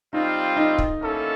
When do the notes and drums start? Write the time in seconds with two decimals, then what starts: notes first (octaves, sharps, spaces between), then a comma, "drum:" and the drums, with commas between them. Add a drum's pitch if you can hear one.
0.13 G3 C4 D#4 F4
0.57 D#4
0.78 drum: kick
1.01 A#3 C#4 E4 A4